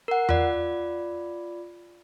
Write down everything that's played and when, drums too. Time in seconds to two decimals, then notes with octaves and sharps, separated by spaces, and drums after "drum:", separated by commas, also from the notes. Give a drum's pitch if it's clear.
0.08 A#4 F#5
0.29 F4 D5, drum: tom E2